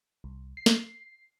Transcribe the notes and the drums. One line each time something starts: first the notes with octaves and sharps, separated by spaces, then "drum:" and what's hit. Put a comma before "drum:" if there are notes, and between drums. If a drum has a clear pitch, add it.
C2
C7
drum: snare